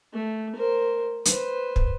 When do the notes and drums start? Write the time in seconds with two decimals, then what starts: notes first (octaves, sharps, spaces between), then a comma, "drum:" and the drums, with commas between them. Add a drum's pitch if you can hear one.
0.14 A3
0.56 A#4 C5
1.25 B4 C5, drum: hi-hat
1.76 drum: kick